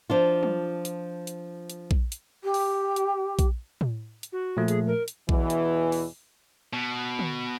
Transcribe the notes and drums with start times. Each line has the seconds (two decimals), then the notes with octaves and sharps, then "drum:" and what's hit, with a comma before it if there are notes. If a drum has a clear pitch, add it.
0.10 F3 D4 F4
0.43 drum: tom F#3
0.85 drum: hi-hat
1.27 drum: hi-hat
1.70 drum: hi-hat
1.91 drum: kick A#1
2.12 drum: hi-hat
2.44 G4
2.54 drum: open hi-hat
2.96 drum: hi-hat
3.39 drum: kick A#1, hi-hat
3.81 drum: tom A2
4.23 drum: hi-hat
4.32 F#4
4.57 A#2 F3 A3
4.68 G#4, drum: hi-hat
4.87 A#4
5.08 drum: hi-hat
5.29 E2 B2 E3, drum: kick A#1
5.50 drum: hi-hat
5.92 drum: open hi-hat
6.73 B2
7.19 drum: tom D3